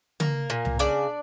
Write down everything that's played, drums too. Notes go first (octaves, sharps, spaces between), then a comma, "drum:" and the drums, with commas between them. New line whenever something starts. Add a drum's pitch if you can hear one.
A#3, drum: tom C#3
A#2
drum: tom C2
C#3 D4 D5